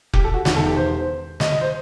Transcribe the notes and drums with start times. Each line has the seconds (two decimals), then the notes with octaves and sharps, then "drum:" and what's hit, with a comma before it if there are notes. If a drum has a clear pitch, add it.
0.13 G4, drum: kick F1
0.24 A4
0.34 F#4
0.45 E1 E2 D#3, drum: snare
0.56 A4
0.66 G4
0.76 C5
1.40 D#5, drum: snare
1.51 D#5
1.61 C5